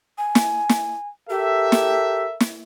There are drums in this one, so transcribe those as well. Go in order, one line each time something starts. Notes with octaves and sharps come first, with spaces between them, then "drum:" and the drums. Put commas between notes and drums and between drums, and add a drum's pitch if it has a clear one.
G#5
drum: snare
drum: snare
G4 A4 A#4 E5
drum: snare
drum: snare